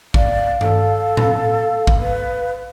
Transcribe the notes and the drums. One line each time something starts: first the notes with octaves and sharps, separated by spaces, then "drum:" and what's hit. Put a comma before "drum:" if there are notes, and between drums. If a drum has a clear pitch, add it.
D5 F5, drum: kick
A4, drum: tom G2
drum: tom A2
drum: kick
B4